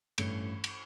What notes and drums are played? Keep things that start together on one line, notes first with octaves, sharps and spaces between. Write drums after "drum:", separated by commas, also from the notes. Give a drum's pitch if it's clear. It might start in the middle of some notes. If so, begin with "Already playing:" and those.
A1 G2 E3 A3 C#4, drum: cymbal
drum: cymbal